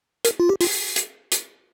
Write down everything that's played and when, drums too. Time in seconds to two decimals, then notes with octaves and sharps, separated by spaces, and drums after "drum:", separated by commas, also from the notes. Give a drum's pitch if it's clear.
0.25 A#4, drum: hi-hat
0.40 F4
0.49 G4
0.61 F4, drum: open hi-hat
0.96 drum: hi-hat
1.32 drum: hi-hat